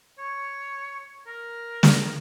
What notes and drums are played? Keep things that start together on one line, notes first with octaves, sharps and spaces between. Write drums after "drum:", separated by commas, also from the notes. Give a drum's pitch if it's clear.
C#5
A#4
drum: snare